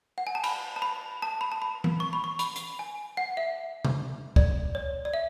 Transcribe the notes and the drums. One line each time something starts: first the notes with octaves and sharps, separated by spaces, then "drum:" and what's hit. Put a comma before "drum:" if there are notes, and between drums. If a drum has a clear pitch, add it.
F#5
G#5
A5
B5, drum: cymbal
A5
B5
A5
B5
A5
B5
drum: tom E3
C#6
B5
C#6
B5, drum: hi-hat
drum: hi-hat
G#5
F#5
E5
drum: tom C3
D5, drum: kick
C#5
D5
E5